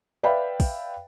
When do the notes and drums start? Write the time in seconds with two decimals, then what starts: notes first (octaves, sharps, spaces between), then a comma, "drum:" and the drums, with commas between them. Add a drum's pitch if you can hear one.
0.23 B4 D5 E5 F5 G5 B5
0.60 drum: kick, open hi-hat